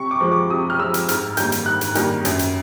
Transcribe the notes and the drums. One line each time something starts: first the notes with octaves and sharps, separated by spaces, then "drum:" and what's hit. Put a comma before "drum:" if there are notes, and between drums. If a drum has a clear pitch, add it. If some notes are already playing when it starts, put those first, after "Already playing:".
Already playing: C3 C#6
D6
F3 G#3
D6
C3 D#6
F6
F3 G#3 E6
drum: hi-hat
G#2 F6, drum: hi-hat
D#3 G3 A#3 G6, drum: hi-hat
drum: hi-hat
G#2 F#6
drum: hi-hat
D#3 G3 A#3, drum: hi-hat
F#2, drum: hi-hat
drum: hi-hat